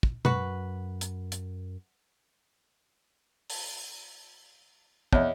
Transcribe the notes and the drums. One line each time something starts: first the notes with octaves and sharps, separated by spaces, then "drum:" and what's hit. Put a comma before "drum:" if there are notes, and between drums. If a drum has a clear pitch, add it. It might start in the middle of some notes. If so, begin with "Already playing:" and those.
drum: kick
F#2 F#4 B4, drum: tom B2
drum: hi-hat
drum: hi-hat
drum: open hi-hat
E2 C#5 D#5 E5, drum: kick